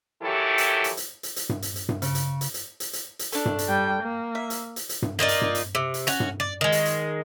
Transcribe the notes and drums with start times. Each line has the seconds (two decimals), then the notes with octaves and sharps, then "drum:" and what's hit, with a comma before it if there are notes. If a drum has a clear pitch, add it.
0.22 D#3 E3 F#3 E4 G4 A4
0.58 drum: hi-hat
0.84 drum: hi-hat
0.97 drum: hi-hat
1.23 drum: hi-hat
1.36 drum: hi-hat
1.49 drum: tom G2
1.62 drum: hi-hat
1.76 drum: hi-hat
1.89 drum: tom G2
2.02 C#3, drum: hi-hat
2.15 drum: hi-hat
2.41 drum: hi-hat
2.54 drum: hi-hat
2.80 drum: hi-hat
2.93 drum: hi-hat
3.19 drum: hi-hat
3.32 A3 D4, drum: hi-hat
3.45 drum: tom G2
3.59 drum: hi-hat
3.68 G3 G5
4.02 A#3
4.35 E5
4.50 drum: hi-hat
4.76 drum: hi-hat
4.89 drum: hi-hat
5.02 drum: tom G2
5.19 A#3 D#4 F4 D5
5.28 drum: hi-hat
5.42 drum: tom G2
5.55 drum: hi-hat
5.75 C3
5.94 drum: hi-hat
6.07 C#4 F#4, drum: hi-hat
6.20 drum: tom G2
6.40 D5
6.61 D#3 G#3
6.72 drum: hi-hat
6.85 drum: hi-hat